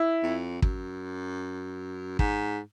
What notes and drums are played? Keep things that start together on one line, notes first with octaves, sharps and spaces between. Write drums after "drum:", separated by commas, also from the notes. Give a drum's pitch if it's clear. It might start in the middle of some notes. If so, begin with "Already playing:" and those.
Already playing: E4
F2
F#2, drum: kick
G#2, drum: kick